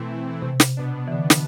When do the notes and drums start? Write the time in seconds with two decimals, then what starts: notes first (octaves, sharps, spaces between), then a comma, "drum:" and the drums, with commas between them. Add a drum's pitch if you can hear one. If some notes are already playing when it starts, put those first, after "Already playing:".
Already playing: B2 E3 A3 C4 E4
0.42 C3
0.60 drum: snare
0.77 B2 B3 D4
1.08 E3
1.12 D3
1.30 drum: snare